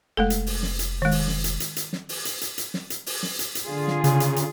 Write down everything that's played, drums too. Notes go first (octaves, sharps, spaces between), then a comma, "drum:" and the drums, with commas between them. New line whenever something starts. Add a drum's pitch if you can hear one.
F1 G#3 A3 A4
drum: hi-hat
drum: open hi-hat
drum: snare
drum: hi-hat
D#3 G#3
drum: open hi-hat
drum: snare
drum: hi-hat
drum: hi-hat
drum: hi-hat
drum: snare
drum: open hi-hat
drum: hi-hat
drum: hi-hat
drum: hi-hat
drum: snare
drum: hi-hat
drum: open hi-hat
drum: snare
drum: hi-hat
drum: hi-hat
D3 F4 G#4
drum: snare
C#3, drum: hi-hat
drum: hi-hat
drum: hi-hat